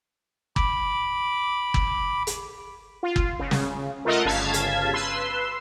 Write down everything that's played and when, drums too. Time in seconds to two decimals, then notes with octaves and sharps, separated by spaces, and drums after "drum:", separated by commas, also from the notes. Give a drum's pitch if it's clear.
0.56 B5 D6, drum: kick
1.74 drum: kick
2.27 drum: hi-hat
3.03 F4
3.16 drum: kick
3.39 C#3
3.51 drum: snare
4.05 A3 F4 A4 A#4 D#5 F#5
4.25 G1 C#3 F5 A5 G#6 B6
4.54 drum: hi-hat
4.94 B4 C6 E6